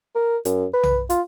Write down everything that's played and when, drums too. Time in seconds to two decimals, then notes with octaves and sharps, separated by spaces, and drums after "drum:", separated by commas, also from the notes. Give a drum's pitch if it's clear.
0.15 A#4
0.45 F#2, drum: hi-hat
0.73 B4
0.83 drum: tom B1
1.10 F4, drum: hi-hat